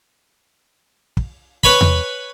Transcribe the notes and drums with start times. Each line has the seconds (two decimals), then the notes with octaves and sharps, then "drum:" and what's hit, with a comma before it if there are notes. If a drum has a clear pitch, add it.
1.17 drum: kick
1.64 B4 C#5 G#5 B5, drum: kick
1.81 drum: tom E2